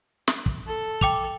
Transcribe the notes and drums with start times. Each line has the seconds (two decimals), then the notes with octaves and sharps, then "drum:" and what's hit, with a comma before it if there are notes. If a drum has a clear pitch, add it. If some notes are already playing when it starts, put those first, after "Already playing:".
0.28 drum: snare
0.46 drum: kick
0.67 A4
1.01 G5 D6 F7, drum: kick